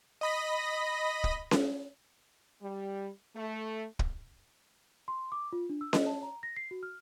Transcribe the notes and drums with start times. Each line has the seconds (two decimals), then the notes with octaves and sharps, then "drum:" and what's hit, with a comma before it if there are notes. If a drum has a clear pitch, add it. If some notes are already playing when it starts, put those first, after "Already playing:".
0.21 D#5 B5 A#6
1.24 drum: kick
1.51 drum: snare C#4
2.61 G3
3.35 A3
3.99 drum: kick
5.08 C6
5.32 D6
5.52 F4
5.70 D4
5.81 E6
5.93 D#5, drum: snare C#4
6.06 A5
6.23 A#5
6.43 A#6
6.56 C7
6.71 F#4
6.83 F6